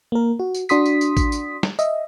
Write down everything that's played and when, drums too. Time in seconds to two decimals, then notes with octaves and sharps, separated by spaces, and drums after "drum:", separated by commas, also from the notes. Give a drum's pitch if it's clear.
0.12 A#3 A#4
0.39 F#4
0.55 drum: tambourine
0.69 D4 F#4 C6 D#6 B6, drum: tambourine
0.86 drum: tambourine
1.01 drum: tambourine
1.17 drum: kick A1, tambourine
1.32 drum: tambourine
1.63 drum: snare
1.79 D#5 E5, drum: tambourine